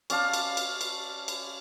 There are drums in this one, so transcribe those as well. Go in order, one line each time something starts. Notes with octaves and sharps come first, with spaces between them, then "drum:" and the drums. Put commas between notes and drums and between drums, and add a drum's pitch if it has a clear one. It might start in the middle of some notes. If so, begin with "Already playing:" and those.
C#4 D5 F5 A5, drum: cymbal
drum: cymbal
drum: cymbal
drum: cymbal
drum: cymbal